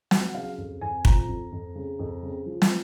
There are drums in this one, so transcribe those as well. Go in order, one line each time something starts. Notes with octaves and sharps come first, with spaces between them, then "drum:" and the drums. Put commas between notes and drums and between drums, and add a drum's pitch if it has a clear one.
F#3 F#5, drum: snare
C#3 F5
F2
F2 G#5
F3 A#5, drum: kick
F2
F2
C#3
F2
C#3
F3
drum: snare